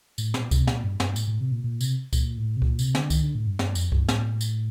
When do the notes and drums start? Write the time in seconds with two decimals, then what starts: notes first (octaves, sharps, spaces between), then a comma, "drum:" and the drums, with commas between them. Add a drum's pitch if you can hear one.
0.18 A2, drum: tambourine
0.34 A#2, drum: snare
0.51 C3, drum: kick C#2, tambourine
0.67 A#2, drum: snare
0.83 G2
1.00 G2, drum: snare
1.16 A2, drum: tambourine
1.27 A2
1.40 C3
1.52 A#2
1.64 A#2
1.81 C3, drum: tambourine
2.13 A#2, drum: kick C#2, tambourine
2.37 A2
2.57 C3
2.62 A#2, drum: kick C#2
2.79 C3, drum: tambourine
2.95 D3, drum: snare
3.10 D#3, drum: kick C#2, tambourine
3.23 D3
3.35 A2
3.47 G2
3.59 G2, drum: snare
3.75 F2, drum: tambourine
3.92 G2, drum: kick C#2
4.09 A2, drum: snare
4.41 drum: tambourine